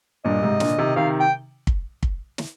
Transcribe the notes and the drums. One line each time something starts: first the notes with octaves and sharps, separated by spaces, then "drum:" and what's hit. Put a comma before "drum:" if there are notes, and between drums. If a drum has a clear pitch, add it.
G2 A#2 D#5
G#2 C3
A#2 D3, drum: snare
C3 D#3
C3 D#3 F5
G5
drum: kick
drum: kick
drum: snare